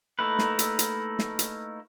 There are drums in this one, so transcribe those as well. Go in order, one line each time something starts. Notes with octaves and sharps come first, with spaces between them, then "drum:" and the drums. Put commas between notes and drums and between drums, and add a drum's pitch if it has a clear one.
A3 A#3 D#4 E4 B4
drum: snare
drum: hi-hat
drum: hi-hat
drum: snare
drum: hi-hat